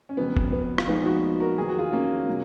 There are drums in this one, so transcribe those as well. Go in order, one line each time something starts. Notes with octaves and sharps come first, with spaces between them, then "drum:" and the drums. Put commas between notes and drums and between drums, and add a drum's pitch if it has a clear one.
C#4
F1 F2 C#3 F#3 B3
drum: kick F#1
B3
F4, drum: rim click
A#1 A#2 F3 G#3 B3 D#4
D#4 F#4
F#4 A#4
D#2 D#3 F#3 G#4
F#4
F4 G#4
A#3 C#4
B2 F#3